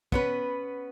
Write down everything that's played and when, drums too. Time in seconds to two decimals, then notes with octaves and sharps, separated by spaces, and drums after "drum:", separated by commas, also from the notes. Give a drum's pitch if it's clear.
0.12 B3 C#4 B4, drum: kick